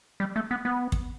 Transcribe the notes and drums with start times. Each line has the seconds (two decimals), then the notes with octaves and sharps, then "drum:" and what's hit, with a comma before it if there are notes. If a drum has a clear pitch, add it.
0.20 G3
0.36 A3
0.51 B3
0.65 B3
0.92 drum: kick